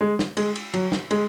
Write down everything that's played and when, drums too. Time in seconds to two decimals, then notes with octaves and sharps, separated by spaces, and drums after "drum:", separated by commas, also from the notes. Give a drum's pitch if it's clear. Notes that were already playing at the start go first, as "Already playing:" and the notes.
0.01 G#3
0.19 drum: snare
0.37 G#3, drum: cymbal
0.56 drum: cymbal
0.74 F#3, drum: cymbal
0.92 drum: snare
1.11 G#3, drum: cymbal